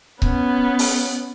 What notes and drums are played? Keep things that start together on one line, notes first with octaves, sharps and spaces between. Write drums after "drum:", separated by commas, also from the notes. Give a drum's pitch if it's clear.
B3 C#4, drum: kick C#1
drum: open hi-hat